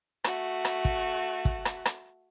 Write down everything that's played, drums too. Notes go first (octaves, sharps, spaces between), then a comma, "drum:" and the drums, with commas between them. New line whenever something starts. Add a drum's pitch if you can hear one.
A3 F#4, drum: rim click
drum: rim click
drum: kick
drum: kick
drum: rim click
drum: rim click